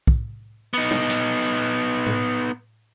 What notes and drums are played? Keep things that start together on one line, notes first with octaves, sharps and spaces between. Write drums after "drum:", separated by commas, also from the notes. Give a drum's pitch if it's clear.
drum: kick
B3 D#4
drum: tom
drum: hi-hat
drum: hi-hat
drum: tom A2